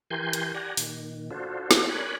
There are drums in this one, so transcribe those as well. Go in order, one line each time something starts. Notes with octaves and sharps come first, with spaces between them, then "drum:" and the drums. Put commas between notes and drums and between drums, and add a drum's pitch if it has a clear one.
E3 G4 A#4 G#5 C6 G6
drum: hi-hat
G4 D5 F#5 G#5 A#5
A#2 D#3, drum: open hi-hat
D4 F4 F#4 A4 C5
drum: snare
A#4 C#5 D5 G#5 B5 F#6